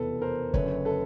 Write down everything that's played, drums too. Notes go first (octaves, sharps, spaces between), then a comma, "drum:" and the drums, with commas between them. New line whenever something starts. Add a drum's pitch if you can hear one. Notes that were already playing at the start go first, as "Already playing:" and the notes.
Already playing: F1 E2 B2 A4 B4
A#4 C5
F#1 F#2 D3 B4 C#5, drum: kick
A4 B4